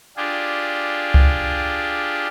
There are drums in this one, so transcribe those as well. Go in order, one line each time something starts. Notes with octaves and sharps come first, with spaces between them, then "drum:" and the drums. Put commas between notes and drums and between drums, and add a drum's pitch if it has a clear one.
D4 F4 G4 G#4
drum: kick C#2